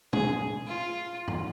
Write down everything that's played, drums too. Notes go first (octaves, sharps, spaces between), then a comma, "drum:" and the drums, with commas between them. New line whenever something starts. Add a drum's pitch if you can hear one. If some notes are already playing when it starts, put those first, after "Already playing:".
G#4, drum: tom
F4
drum: tom